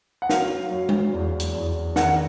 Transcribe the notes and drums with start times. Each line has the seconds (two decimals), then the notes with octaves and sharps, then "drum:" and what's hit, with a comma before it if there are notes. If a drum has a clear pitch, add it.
0.22 F#5
0.29 F#2 F5, drum: snare
0.71 F#2
0.89 drum: tom G#3
1.13 E2
1.40 drum: hi-hat
1.54 E2
1.96 D#3 F#5, drum: snare